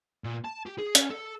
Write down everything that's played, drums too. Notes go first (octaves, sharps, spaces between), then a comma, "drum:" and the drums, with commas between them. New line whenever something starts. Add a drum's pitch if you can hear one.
A#2
A5
G4
G#4
C#4, drum: hi-hat
A4